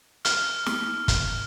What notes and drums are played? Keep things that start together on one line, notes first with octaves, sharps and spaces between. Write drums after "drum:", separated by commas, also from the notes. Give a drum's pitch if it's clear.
F6, drum: hi-hat
drum: snare
drum: kick, hi-hat